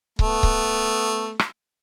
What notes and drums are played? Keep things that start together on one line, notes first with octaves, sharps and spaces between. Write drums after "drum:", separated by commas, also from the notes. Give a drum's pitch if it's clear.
A3 B3, drum: kick C#1
drum: kick C#1
drum: rim click